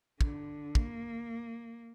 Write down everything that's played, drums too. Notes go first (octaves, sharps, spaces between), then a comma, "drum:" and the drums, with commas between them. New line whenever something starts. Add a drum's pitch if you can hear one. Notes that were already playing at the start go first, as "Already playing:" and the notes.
D3, drum: kick
A#3, drum: kick